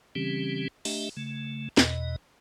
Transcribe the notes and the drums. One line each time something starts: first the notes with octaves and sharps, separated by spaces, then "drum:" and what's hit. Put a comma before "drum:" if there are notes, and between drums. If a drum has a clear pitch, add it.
C#3 E3 G3 C4 C#4 G4
A3 D4 G4 D#5 E5, drum: open hi-hat
C#3 A3
E2 B2 D#5, drum: snare